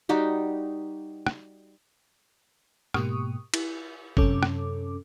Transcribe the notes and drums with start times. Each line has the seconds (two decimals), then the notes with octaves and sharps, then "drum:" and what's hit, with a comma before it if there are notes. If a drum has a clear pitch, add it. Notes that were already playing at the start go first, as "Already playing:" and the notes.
0.09 G3 D#4 F#4 G4
1.27 drum: rim click
2.94 G#2 B2 A#3 G4 C#6 D#6, drum: rim click
3.54 E4, drum: cymbal
4.17 F#2 C3 C#4 A4 D6, drum: kick
4.43 drum: rim click